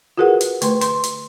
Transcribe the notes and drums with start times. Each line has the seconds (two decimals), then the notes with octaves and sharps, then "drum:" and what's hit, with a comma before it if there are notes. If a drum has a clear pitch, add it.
0.17 F4 F#4 G#4 A#4 B4 F#5
0.41 drum: hi-hat
0.62 D3 A3 B4 C6, drum: hi-hat
0.81 C6, drum: hi-hat
1.03 drum: hi-hat